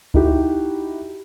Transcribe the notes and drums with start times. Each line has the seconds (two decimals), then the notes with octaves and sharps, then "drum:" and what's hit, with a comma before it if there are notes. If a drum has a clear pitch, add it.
0.14 D#4 E4 F#4 G4, drum: kick C#2